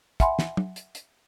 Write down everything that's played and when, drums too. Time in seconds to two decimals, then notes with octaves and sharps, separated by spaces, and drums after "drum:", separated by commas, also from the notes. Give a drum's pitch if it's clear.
0.20 E5 F#5 G#5 B5 C6, drum: kick, hi-hat
0.39 drum: snare
0.57 drum: tom
0.76 drum: hi-hat
0.95 drum: hi-hat